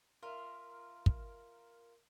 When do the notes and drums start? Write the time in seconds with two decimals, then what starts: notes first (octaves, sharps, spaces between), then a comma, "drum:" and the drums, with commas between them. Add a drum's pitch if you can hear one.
0.23 F4 A#4 E5
1.06 drum: kick